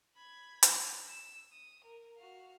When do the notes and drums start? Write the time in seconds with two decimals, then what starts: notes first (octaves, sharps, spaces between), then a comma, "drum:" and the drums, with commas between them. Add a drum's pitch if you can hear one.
0.16 B5 G#6
0.63 B6, drum: hi-hat
1.08 E6
1.53 D#6
1.84 A#4
2.17 F#4 F5